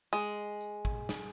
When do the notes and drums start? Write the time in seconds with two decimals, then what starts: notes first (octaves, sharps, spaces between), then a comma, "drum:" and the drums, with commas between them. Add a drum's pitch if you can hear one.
0.13 G#3, drum: tambourine
0.61 drum: tambourine
0.85 drum: kick G#1
1.09 drum: snare